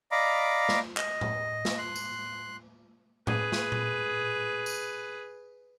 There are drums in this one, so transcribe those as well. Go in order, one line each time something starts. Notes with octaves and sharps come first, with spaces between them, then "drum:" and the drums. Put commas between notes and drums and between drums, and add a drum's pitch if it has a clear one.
D5 D#5 F5 A#5 B5 D6
drum: snare
D#5, drum: clap
drum: tom A2
drum: snare
C6 F#6
drum: tambourine
G#4 B4, drum: tom A2
drum: snare
drum: tom A#2
drum: tambourine